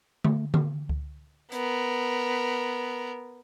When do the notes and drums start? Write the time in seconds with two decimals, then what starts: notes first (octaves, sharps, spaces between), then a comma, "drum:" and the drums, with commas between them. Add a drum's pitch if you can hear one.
0.24 A3, drum: tom D3
0.54 drum: tom D3
0.89 drum: kick C#2
1.52 B3 A#4, drum: hi-hat